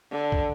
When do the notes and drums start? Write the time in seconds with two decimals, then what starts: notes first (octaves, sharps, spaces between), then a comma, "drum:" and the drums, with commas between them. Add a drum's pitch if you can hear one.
0.12 D3
0.32 drum: kick